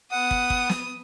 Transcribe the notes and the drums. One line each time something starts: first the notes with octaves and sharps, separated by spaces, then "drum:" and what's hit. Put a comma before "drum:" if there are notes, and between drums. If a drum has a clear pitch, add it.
B3 F#5 D#6
drum: kick
drum: kick
drum: snare